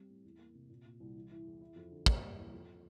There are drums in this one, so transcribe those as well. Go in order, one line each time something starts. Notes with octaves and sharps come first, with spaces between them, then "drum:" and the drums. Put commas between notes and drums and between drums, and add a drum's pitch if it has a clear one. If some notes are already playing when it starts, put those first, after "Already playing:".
Already playing: G3 C4
A2
E2
A#3
C3
A#2
A#2
C2
E3
E3
E2
E4
F2
D3
A#3, drum: kick
G3
E3
F2